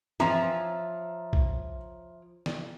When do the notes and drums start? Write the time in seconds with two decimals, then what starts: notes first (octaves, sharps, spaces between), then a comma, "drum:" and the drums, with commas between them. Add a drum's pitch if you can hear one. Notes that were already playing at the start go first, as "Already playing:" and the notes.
0.20 E3 F3 C4 C#5 E5 G#5 A#5
1.33 drum: kick A#1
2.46 drum: snare